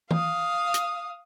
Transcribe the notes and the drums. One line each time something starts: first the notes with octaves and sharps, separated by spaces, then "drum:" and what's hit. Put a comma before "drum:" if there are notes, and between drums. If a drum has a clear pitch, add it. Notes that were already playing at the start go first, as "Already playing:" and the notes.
F5 D#6, drum: tom E3
drum: hi-hat